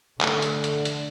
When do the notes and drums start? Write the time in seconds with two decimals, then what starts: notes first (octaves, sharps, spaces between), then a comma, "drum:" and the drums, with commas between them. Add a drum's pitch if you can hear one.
0.21 D3 A3, drum: clap
0.42 drum: hi-hat
0.64 drum: hi-hat
0.85 drum: hi-hat